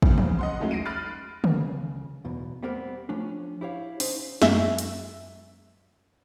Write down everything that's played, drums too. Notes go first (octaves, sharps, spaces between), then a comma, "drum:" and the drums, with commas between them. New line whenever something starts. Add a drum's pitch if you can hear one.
D2, drum: kick
C#3, drum: tom E3
D#5 F#5 C6
F#3 G#3 A3 C#4 D#4 E4
A#6 C7 D7 D#7
B5 F6 F#6 A6
drum: tom D3
C#2 C#3
B1 E2 B2
G3 A3 B3 C4 G4 A#4
F3 A3 C#4 D4
E4 G4 C#5 F5
C#4 D#4 C5 E5, drum: open hi-hat
F#2 G#3 E5, drum: snare
drum: hi-hat